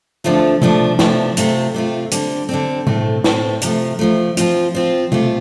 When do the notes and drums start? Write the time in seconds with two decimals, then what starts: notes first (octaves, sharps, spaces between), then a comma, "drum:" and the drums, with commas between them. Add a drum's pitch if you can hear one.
0.24 D3 F3 A3 C4 F4
0.62 C3 F3 A3 D4, drum: tom B2
0.99 C3 F3 A3 D4, drum: snare
1.37 C3 A3 C4 F4, drum: hi-hat
1.74 C3 A3 C4 F4
2.11 D3 G3 C4, drum: hi-hat
2.49 D3 G3 C4
2.87 A2 A3 C4, drum: tom B2
3.24 A2 A3 C4, drum: snare
3.62 C3 F3 A3, drum: hi-hat
3.99 C3 F3 A3
4.37 F3 C4 F4, drum: hi-hat
4.75 F3 C4 F4
5.12 C3 A3 F4, drum: tom B2